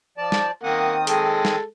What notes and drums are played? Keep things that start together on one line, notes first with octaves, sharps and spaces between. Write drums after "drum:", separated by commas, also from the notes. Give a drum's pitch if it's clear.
F3 D5 A5
drum: snare
D#3 A#3 C4 F#5 D#6
G#3 A4, drum: hi-hat
drum: snare